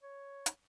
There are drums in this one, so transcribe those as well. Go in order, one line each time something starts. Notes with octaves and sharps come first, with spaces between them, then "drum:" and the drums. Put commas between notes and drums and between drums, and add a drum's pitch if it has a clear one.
C#5
drum: hi-hat